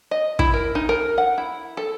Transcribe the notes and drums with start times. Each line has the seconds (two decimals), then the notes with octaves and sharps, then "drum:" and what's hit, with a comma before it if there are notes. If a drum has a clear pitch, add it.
0.11 D#5
0.39 E4, drum: kick
0.54 A#4
0.75 D#4
0.89 A#4
1.18 F#5
1.38 E4
1.77 A4